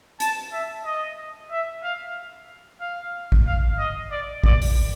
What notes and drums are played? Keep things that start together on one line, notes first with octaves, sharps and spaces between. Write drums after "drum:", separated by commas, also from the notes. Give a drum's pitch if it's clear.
A5, drum: hi-hat
E5
D#5
E5
F5
F5
drum: kick G#1
F5
D#5
D5
D5, drum: kick G#1
drum: open hi-hat